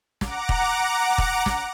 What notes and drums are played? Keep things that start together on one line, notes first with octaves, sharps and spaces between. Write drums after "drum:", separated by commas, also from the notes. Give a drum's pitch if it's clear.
F#5 A#5 D6, drum: snare
drum: kick
drum: kick
drum: snare